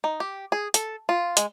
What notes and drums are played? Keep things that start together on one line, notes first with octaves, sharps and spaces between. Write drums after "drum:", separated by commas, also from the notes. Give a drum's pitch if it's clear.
D#4
G4
G#4
A4, drum: hi-hat
F4
G#3, drum: hi-hat